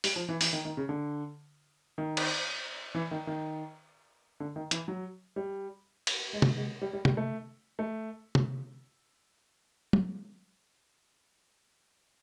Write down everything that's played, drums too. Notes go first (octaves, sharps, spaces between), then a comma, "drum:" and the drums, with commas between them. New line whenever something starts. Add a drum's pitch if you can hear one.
G3, drum: open hi-hat
F3
E3
E3, drum: open hi-hat
D#3
D#3
C#3
D3
D#3
drum: cymbal
E3
D#3
D#3
D3
D#3
E3, drum: hi-hat
F#3
G3
drum: cymbal
G#3
drum: tom
G#3
G3
G3
G3, drum: tom
A3
A3
drum: tom
drum: tom